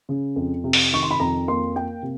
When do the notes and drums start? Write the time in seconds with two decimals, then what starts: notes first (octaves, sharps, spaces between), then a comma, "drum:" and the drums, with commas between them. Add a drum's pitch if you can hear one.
0.09 C#3
0.36 F2
0.64 C3
0.73 drum: open hi-hat
0.92 D#3 C#6
1.03 C6
1.11 B5
1.20 F2 A#5
1.48 A#3 C6
1.76 A#3 G5
2.03 C3